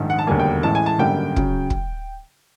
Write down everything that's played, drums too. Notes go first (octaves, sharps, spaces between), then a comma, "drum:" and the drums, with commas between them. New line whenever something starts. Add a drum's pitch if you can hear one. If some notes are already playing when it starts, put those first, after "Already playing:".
Already playing: A#1 G#2 D#3
F#5
A5
E1 D#2 D3 G3 A#3 G#5
G5
A1 A2 E3 G#3 A5
G#5
A5
G#1 F#2 D3 G3 A#3 G5
C#3 F#3, drum: kick
drum: kick